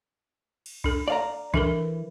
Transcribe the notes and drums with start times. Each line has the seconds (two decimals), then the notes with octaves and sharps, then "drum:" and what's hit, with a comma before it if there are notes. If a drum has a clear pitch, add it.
0.66 drum: cymbal
0.84 D4 A4, drum: kick B1
1.08 D5 F5 A#5
1.54 E3 D4 A4 A#4, drum: kick B1